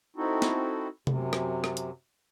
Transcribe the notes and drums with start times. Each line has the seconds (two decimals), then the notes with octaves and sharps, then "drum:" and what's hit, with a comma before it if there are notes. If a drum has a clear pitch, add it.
0.16 C4 D#4 E4 F#4 A4
0.42 drum: snare
1.07 F#2 C3, drum: tom C3
1.33 drum: rim click
1.64 drum: rim click
1.77 drum: hi-hat